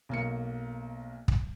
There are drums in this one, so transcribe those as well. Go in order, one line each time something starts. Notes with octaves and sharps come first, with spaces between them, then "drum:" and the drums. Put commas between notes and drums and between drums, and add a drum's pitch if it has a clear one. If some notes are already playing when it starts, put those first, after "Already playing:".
B1 A#3 C#7
drum: kick